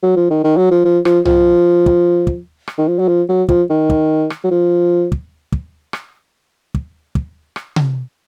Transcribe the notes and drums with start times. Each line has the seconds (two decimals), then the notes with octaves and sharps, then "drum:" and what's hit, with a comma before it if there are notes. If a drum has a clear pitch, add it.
0.03 F#3
0.16 F3
0.30 D#3
0.44 D#3
0.57 F#3
0.71 F3
0.85 F3
1.05 F3, drum: rim click
1.25 F3, drum: tom B1
1.86 drum: kick
2.27 drum: kick
2.68 drum: rim click
2.78 D#3
2.88 F3
2.99 F#3
3.08 F3
3.29 F#3
3.49 F3, drum: kick
3.70 D#3
3.90 drum: kick
4.30 drum: rim click
4.44 F#3
4.51 F3
5.12 drum: kick
5.52 drum: kick
5.93 drum: rim click
6.74 drum: kick
7.15 drum: kick
7.56 drum: rim click
7.76 drum: tom C3